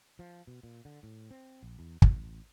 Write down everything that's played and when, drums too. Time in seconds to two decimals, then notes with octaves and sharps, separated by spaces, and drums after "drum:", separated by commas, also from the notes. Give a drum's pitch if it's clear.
0.19 F3
0.47 B2
0.63 A#2
0.85 D3
1.03 A2
1.31 C4
1.63 A#1
1.79 E2
2.02 A1, drum: kick